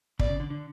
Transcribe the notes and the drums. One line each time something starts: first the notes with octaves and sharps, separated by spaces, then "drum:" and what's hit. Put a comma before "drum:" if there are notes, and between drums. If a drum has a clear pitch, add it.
B2 D5, drum: kick
C#3
D3
D3